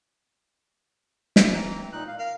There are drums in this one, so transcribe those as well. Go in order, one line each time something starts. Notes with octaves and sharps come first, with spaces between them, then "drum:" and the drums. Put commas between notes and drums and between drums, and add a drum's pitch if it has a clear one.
drum: snare
E3 C4 A#5
A#2 D#4 F#6
F5
A#4 F5